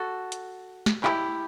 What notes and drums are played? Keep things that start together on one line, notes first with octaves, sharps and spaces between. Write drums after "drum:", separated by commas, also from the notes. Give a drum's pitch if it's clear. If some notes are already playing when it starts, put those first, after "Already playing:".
Already playing: F#4 A4
drum: hi-hat
drum: snare
E4 G4, drum: clap